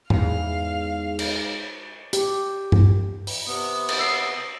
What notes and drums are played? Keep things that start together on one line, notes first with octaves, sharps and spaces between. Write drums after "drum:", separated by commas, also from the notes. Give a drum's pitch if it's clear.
E2 G#2 F5, drum: tom G#2
drum: cymbal
G4, drum: hi-hat
drum: tom G2
drum: open hi-hat
C3 B3 D#6
drum: cymbal
E6 C7